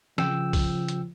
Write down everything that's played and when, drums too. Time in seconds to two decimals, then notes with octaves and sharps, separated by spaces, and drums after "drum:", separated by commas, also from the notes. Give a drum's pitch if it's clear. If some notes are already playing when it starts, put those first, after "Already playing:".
0.18 C#3 F3 G5 E6, drum: snare
0.53 drum: kick B1, open hi-hat
0.88 drum: hi-hat